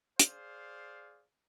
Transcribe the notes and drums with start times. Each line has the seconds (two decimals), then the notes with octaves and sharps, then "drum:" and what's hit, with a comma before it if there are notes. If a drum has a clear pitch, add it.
0.19 G#4 C5 D5 F5, drum: hi-hat